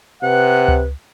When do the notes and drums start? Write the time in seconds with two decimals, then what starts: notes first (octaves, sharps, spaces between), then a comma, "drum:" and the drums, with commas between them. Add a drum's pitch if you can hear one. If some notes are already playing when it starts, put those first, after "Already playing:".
0.22 C3 B4 F#5
0.68 drum: tom C#2